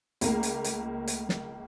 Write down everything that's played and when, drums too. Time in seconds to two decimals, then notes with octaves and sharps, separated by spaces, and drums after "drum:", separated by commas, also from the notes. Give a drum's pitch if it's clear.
0.21 C#2 A3 A#3, drum: hi-hat
0.43 drum: hi-hat
0.64 drum: hi-hat
1.08 drum: hi-hat
1.29 drum: snare